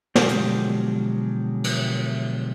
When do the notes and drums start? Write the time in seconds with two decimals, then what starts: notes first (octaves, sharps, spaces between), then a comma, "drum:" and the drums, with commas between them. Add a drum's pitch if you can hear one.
0.16 B2 D3 F3 F#3 G#3 G4, drum: snare
0.29 drum: hi-hat
1.64 drum: cymbal